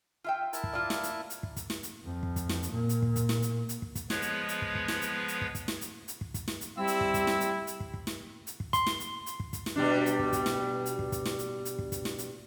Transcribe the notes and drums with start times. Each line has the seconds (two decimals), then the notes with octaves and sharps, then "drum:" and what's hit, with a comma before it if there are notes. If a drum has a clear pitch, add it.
0.24 F4 E5 G5
0.53 E4 A#4 A5, drum: hi-hat
0.64 drum: kick
0.73 F4 D5
0.90 drum: snare
1.03 drum: hi-hat
1.30 drum: hi-hat
1.43 drum: kick
1.56 drum: kick, hi-hat
1.70 drum: snare
1.83 drum: hi-hat
2.05 F2
2.23 drum: kick
2.36 drum: kick, hi-hat
2.49 drum: snare
2.63 drum: hi-hat
2.72 A#2
2.89 drum: hi-hat
3.02 drum: kick
3.16 drum: kick, hi-hat
3.29 drum: snare
3.42 drum: hi-hat
3.69 drum: hi-hat
3.82 drum: kick
3.95 drum: kick, hi-hat
4.10 F3 G#3 B3 G#4 B4 C#5, drum: snare
4.22 drum: hi-hat
4.48 drum: hi-hat
4.62 drum: kick
4.75 drum: kick
4.88 drum: snare
5.02 drum: hi-hat
5.28 drum: hi-hat
5.41 drum: kick
5.55 drum: kick, hi-hat
5.68 drum: snare
5.81 drum: hi-hat
6.08 drum: hi-hat
6.21 drum: kick
6.34 drum: kick, hi-hat
6.48 drum: snare
6.61 drum: hi-hat
6.77 G3 C4 E4 E6
6.87 drum: hi-hat
7.01 drum: kick
7.14 drum: kick, hi-hat
7.27 drum: snare
7.41 drum: hi-hat
7.67 drum: hi-hat
7.80 drum: kick
7.94 drum: kick
8.07 drum: snare
8.47 drum: hi-hat
8.60 drum: kick
8.73 C6, drum: kick, hi-hat
8.87 drum: snare
9.00 drum: hi-hat
9.26 drum: hi-hat
9.40 drum: kick
9.53 drum: kick, hi-hat
9.66 drum: snare
9.76 B2 G3 D4
10.06 drum: hi-hat
10.19 drum: kick
10.33 drum: kick, hi-hat
10.46 drum: snare
10.86 drum: hi-hat
10.99 drum: kick
11.12 drum: kick, hi-hat
11.25 drum: snare
11.39 drum: hi-hat
11.65 drum: hi-hat
11.79 drum: kick
11.92 drum: kick, hi-hat
12.05 drum: snare
12.18 drum: hi-hat